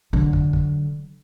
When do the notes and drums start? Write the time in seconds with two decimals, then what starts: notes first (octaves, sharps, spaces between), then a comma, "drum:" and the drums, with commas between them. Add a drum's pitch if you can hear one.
0.13 D3 F#3
0.33 drum: kick
0.53 drum: kick